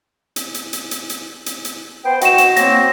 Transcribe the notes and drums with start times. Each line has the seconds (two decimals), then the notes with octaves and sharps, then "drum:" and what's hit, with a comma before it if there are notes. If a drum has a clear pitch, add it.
0.36 drum: hi-hat
0.54 drum: hi-hat
0.73 drum: hi-hat
0.91 drum: hi-hat
1.10 drum: hi-hat
1.46 drum: hi-hat
1.65 drum: hi-hat
2.05 B3 C5 G5
2.21 F#4 D#5 G5 E7, drum: hi-hat
2.38 drum: hi-hat
2.56 F#3 A#3 C4 A#6, drum: hi-hat